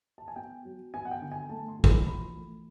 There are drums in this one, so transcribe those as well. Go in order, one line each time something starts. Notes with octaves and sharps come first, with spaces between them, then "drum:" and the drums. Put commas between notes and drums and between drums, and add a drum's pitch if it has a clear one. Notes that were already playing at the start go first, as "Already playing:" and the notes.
A5
G#5
B3 G5
F#3
B3 G#5
F#5
G5
D3
G#5
A3 A5
C6
A#1
C6, drum: kick
B5
E3 B5
A3